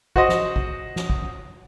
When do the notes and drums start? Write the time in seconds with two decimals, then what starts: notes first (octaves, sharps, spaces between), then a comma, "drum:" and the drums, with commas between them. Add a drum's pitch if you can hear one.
0.16 F#4 C5 D#5, drum: kick
0.29 drum: snare
0.56 drum: kick
0.96 drum: snare
1.10 drum: kick